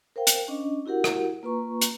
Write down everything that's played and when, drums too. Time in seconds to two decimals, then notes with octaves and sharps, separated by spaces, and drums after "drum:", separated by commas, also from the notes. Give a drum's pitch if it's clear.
0.16 A#4 C5 F5 G5
0.27 drum: hi-hat
0.48 C#4 D4 D#5
0.86 E4 F#4 G4 A#4 F#5
1.04 drum: rim click
1.43 A#3 F4 B4 A#5 C#6
1.81 drum: hi-hat